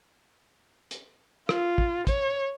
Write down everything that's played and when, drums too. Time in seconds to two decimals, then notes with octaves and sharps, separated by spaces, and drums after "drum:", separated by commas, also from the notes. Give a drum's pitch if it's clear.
0.91 drum: hi-hat
1.49 F4, drum: rim click
1.78 drum: kick
2.07 C#5, drum: kick, hi-hat